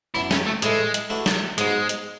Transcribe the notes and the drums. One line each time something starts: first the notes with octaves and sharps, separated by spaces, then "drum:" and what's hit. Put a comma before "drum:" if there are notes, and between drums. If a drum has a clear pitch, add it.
F#2 E3 B3 D4 E4
C#4, drum: snare
A3
A2 E3 G#3 A3 E4 A4, drum: hi-hat
drum: hi-hat
E3 A3 D4 F#4 B4
drum: snare
G#2 F#3 G#3 B3, drum: hi-hat
drum: hi-hat